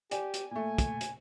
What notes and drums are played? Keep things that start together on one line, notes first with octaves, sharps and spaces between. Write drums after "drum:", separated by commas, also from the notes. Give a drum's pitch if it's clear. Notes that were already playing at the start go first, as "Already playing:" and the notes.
G4 D5 G#5, drum: hi-hat
drum: hi-hat
A#2 A3 G#5
drum: kick, hi-hat
drum: hi-hat